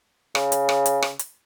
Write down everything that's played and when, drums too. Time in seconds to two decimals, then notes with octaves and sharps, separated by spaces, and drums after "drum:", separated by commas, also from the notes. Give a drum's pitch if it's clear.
0.35 C#3, drum: rim click
0.52 drum: hi-hat
0.69 drum: rim click
0.86 drum: hi-hat
1.02 drum: rim click
1.19 drum: hi-hat